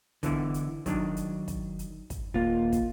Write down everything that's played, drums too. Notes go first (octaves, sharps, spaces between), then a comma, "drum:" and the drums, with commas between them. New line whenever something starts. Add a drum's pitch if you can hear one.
D3 E3 B3, drum: kick, hi-hat
drum: hi-hat
D#3 F#3 D4, drum: kick, hi-hat
drum: hi-hat
drum: kick, hi-hat
drum: hi-hat
drum: kick, hi-hat
D#1 A#3 F4
drum: kick, hi-hat